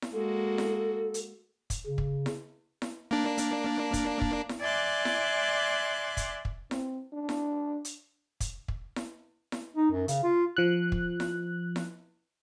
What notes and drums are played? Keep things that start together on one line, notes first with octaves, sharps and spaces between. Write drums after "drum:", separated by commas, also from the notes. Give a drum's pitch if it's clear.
drum: snare E4
G#3 A#3 F#4 A4
drum: snare E4
drum: hi-hat
drum: kick, hi-hat
C#3
drum: kick
drum: snare E4
drum: snare E4
A#3 D4
drum: hi-hat
drum: kick, hi-hat
drum: kick
drum: snare E4
D5 E5 G#5 C6 D6 F#6
drum: snare E4
drum: kick, hi-hat
drum: kick
C4, drum: snare E4
D4
drum: snare E4
drum: hi-hat
drum: kick, hi-hat
drum: kick
drum: snare E4
drum: snare E4
D#4
F#2
C#3, drum: hi-hat
F4
F3 F#6
drum: kick
drum: snare E4
drum: snare E4